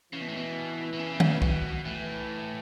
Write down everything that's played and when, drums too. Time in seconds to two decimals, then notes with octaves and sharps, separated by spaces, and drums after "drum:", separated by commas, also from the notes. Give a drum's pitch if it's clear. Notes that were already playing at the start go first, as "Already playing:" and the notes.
0.13 C#3 E3
0.22 B2
0.29 A2
0.37 B2
0.93 B2
0.99 C#3
1.20 drum: tom D#3
1.42 B2, drum: kick C2
1.85 A2 E3